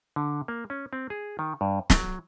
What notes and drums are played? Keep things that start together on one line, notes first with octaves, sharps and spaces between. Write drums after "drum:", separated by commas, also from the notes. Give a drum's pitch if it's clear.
D3
A#3
C#4
C4
G#4
D#3
G2
F#3, drum: snare